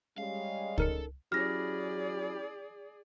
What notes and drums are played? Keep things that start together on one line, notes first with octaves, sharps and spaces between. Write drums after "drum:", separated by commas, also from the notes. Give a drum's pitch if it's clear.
G3 G#3 C#4 F5
D#4 A4 A#4 C#7, drum: kick C#2
F#3 C#4 E4 G4 G#4 D5 F6 A#6